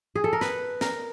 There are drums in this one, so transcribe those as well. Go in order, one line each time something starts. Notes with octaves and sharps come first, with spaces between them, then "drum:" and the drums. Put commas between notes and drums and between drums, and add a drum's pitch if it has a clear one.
G#4
A4
A#4
B4, drum: snare
A#4, drum: snare